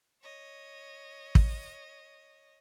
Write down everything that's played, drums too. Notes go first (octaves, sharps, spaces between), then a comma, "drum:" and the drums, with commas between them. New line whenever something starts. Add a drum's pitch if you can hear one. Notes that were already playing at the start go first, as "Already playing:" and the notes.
C#5 D#5
drum: kick